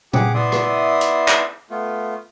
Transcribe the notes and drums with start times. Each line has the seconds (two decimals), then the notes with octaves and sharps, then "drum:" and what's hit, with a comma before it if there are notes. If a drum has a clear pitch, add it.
0.13 G4 G#4 F#5 D6, drum: tom A#2
0.34 B3 E4 D5 E5 C6 D#6
0.52 drum: rim click
1.01 drum: hi-hat
1.28 drum: clap
1.70 A3 B3 F4